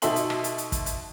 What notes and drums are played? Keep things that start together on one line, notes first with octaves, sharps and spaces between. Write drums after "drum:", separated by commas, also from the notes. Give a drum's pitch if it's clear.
B2 D#4 A4 E5 C6 F#7, drum: hi-hat
drum: hi-hat
drum: rim click
drum: hi-hat
drum: hi-hat
drum: kick, hi-hat
drum: hi-hat